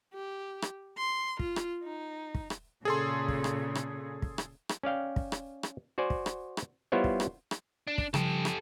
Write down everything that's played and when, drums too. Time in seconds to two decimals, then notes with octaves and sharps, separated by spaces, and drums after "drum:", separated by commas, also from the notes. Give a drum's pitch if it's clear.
0.13 G4
0.62 drum: rim click
0.97 C6
1.39 F4, drum: kick
1.56 drum: rim click
1.83 D#4
2.35 drum: kick
2.50 drum: rim click
2.85 A#2 C#3 G#4 A4 C6
3.28 drum: kick
3.44 drum: rim click
3.75 drum: rim click
4.22 drum: kick
4.38 drum: rim click
4.69 drum: rim click
4.83 C#4 D5 F5 G5
5.16 drum: kick
5.32 drum: rim click
5.63 drum: rim click
5.98 F#4 C5 D5 G#5
6.10 drum: kick
6.26 drum: rim click
6.57 drum: rim click
6.92 G3 B3 E4 F4 C5 C#5
7.04 drum: kick
7.20 drum: rim click
7.51 drum: rim click
7.87 D4
7.98 drum: kick
8.14 C#3 F3 G3 G4 A4, drum: rim click
8.45 drum: rim click